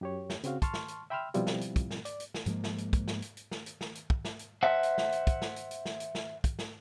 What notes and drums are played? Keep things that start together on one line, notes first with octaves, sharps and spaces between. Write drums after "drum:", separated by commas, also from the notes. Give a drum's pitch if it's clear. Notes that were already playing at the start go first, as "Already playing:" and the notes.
F#2 G4 C#5
drum: snare
C#3 C4 F#4 F5, drum: hi-hat
A5 C6 C#6 F6, drum: kick, hi-hat
drum: snare
drum: hi-hat
E5 G5 B5 C6 E6 F6
B2 F3 G3 C4 E4 F4, drum: hi-hat
drum: snare
drum: hi-hat
drum: kick, hi-hat
drum: snare
D5, drum: hi-hat
drum: hi-hat
drum: snare
G#2 F3 G#3 A#3, drum: hi-hat
drum: snare
drum: hi-hat
drum: kick, hi-hat
drum: snare
drum: hi-hat
drum: hi-hat
drum: snare
drum: hi-hat
drum: snare
drum: hi-hat
drum: kick
drum: snare
drum: hi-hat
C5 E5 F#5
drum: hi-hat
drum: snare
drum: hi-hat
drum: kick, hi-hat
drum: snare
drum: hi-hat
drum: hi-hat
drum: snare
drum: hi-hat
drum: snare
drum: kick, hi-hat
drum: snare